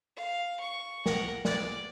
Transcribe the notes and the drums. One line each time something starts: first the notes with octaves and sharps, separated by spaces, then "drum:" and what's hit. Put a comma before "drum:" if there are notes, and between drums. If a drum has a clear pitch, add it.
F5
C#6
A#4 F#5, drum: snare
D5, drum: snare